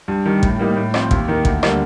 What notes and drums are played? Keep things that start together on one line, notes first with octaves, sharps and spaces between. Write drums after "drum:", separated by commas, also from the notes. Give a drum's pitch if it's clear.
G2
D#3 G3
A2, drum: kick A1
G3 A#3 D#4
A2
F3 C4, drum: rim click
D#2, drum: kick A1
D#3 A#3
D2, drum: kick A1
D3 G3 A#3, drum: rim click